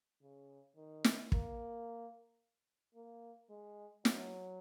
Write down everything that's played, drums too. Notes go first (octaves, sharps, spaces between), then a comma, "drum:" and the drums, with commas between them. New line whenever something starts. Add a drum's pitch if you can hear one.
C#3
D#3
drum: snare
A#3, drum: kick
A#3
G#3
F#3, drum: snare